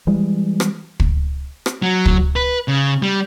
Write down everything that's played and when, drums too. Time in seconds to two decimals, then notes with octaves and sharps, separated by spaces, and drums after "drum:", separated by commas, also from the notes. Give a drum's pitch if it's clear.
0.07 E3 G3 G#3
0.60 drum: rim click
1.00 drum: kick
1.66 drum: rim click
1.82 F#3
2.06 drum: kick
2.36 B4
2.68 C#3
3.02 G3